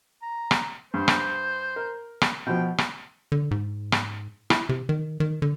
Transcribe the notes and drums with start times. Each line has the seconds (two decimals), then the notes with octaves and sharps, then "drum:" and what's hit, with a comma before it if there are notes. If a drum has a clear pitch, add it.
0.22 A#5
0.51 drum: rim click
0.94 G2 C5
1.08 drum: rim click
1.76 A#4
2.21 drum: rim click
2.46 B2 F3 G5
2.78 drum: rim click
3.32 D3
3.51 G#2
3.92 drum: rim click
4.50 E4, drum: rim click
4.69 C3
4.89 D#3
5.20 D#3
5.42 D3